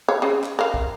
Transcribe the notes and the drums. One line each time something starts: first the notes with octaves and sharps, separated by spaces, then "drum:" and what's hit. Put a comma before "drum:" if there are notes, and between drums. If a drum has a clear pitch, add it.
C#5 F5
C#3
drum: clap
A#4 F5
drum: kick